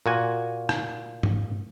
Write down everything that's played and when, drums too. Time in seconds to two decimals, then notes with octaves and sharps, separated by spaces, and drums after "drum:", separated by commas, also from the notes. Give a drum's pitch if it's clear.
0.06 A#2 F#4 G#5
0.69 drum: rim click
1.23 drum: tom G2